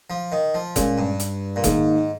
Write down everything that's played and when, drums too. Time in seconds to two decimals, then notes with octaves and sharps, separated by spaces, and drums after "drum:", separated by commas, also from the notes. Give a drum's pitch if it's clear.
0.10 F3
0.32 D#3
0.54 F3
0.76 A#2 G#3 C#4 G#4, drum: kick F#1, hi-hat
0.98 G2
1.20 drum: hi-hat
1.56 A#2
1.64 G#2 D#3 A#3 D#4 G#4, drum: kick F#1, hi-hat